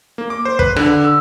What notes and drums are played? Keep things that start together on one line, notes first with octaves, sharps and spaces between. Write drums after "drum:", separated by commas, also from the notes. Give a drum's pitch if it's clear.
A#3
D6
C5
B4, drum: kick
D3, drum: rim click
E6